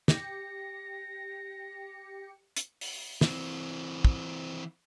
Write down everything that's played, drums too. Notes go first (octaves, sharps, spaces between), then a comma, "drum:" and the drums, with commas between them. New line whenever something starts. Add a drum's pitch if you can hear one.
G4 A#6 C#7, drum: snare
drum: hi-hat
drum: open hi-hat
E3 C4, drum: snare
drum: kick